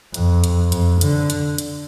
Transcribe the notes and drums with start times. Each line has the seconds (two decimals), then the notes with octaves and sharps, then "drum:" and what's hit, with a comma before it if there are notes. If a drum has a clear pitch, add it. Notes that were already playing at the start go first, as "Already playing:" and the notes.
0.14 F2, drum: hi-hat
0.44 drum: hi-hat
0.72 F2, drum: hi-hat
1.01 D3, drum: hi-hat
1.30 drum: hi-hat
1.58 drum: hi-hat